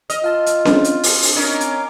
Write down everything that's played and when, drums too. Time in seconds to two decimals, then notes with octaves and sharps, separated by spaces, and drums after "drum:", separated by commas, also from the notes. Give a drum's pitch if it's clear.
0.10 D#5 F6, drum: hi-hat
0.24 F4 F5 A5 E6
0.46 drum: hi-hat
0.65 C4 D4, drum: snare C#4
0.84 drum: hi-hat
1.03 drum: open hi-hat
1.22 drum: open hi-hat
1.36 C#4 D#4 A#4 F5 D6
1.61 drum: hi-hat